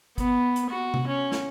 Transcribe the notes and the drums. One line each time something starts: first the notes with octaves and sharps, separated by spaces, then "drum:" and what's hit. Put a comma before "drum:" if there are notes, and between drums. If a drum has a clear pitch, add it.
B3, drum: kick, hi-hat
drum: hi-hat
F#4
drum: tom C3
C#4
drum: snare